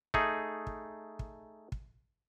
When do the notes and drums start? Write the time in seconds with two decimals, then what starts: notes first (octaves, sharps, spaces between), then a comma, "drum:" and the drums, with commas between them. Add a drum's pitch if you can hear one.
0.14 A3 D#4 G#4, drum: kick
0.67 drum: kick
1.19 drum: kick
1.72 drum: kick